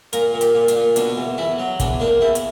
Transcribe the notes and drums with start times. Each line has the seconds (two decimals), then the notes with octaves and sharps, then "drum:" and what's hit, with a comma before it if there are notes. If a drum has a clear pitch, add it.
0.13 A#2 A#4, drum: hi-hat
0.34 A#2
0.41 G4, drum: hi-hat
0.55 A#2
0.68 D4, drum: hi-hat
0.76 A#2
0.96 B2 D4, drum: hi-hat
1.18 E2
1.38 E2 E4
1.59 F#3
1.80 E2 D4, drum: kick, hi-hat
2.00 A#3 D4
2.21 E2 E4
2.35 drum: hi-hat